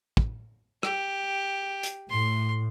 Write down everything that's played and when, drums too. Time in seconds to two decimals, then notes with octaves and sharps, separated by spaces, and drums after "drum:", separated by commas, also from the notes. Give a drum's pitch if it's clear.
0.17 drum: kick
0.83 G4, drum: rim click
1.83 drum: hi-hat
2.10 A2 C6